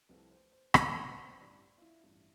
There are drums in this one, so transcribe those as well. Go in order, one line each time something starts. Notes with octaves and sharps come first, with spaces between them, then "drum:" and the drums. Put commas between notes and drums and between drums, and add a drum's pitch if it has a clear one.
C2 C3 F3 A3 E4 B4
C5
C5
C2 C3 F3 A3 E4 D5, drum: rim click
D5
C5
C5
B4
C5
A1 G2 E3 D5
F4
E4
A1 G2 E3 E4